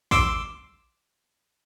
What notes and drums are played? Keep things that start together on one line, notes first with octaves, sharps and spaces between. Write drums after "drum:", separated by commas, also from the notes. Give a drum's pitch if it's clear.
C6 D6 E6, drum: kick